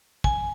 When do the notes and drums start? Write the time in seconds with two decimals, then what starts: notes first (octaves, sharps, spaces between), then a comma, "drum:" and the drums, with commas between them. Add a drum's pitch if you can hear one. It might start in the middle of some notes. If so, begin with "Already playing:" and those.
0.24 G#5, drum: kick